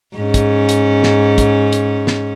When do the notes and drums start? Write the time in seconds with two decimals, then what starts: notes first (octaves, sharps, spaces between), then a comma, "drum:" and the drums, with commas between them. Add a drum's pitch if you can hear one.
0.17 G#2 C#4
0.34 drum: kick, hi-hat
0.69 drum: hi-hat
1.03 drum: snare
1.38 drum: kick, hi-hat
1.73 drum: hi-hat
2.07 drum: snare